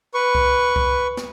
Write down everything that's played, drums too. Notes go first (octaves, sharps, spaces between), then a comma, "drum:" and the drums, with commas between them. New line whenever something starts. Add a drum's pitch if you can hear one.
B4 C#6
drum: kick C2
drum: kick C2
drum: snare